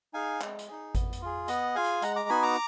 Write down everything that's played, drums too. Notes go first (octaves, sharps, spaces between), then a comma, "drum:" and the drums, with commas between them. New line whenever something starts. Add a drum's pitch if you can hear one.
D#4 G#4 F5 G#5
G#3, drum: clap
drum: hi-hat
D#4 G#4
B3, drum: kick G#1, hi-hat
drum: hi-hat
F4 G#4
B3 D#5 F#5, drum: hi-hat
F4 G#4 F5 G#5
drum: hi-hat
G#3 F#5 A#5, drum: hi-hat
A#5 D6
B3 D#4 F#4 G#5 B5
A#5 D6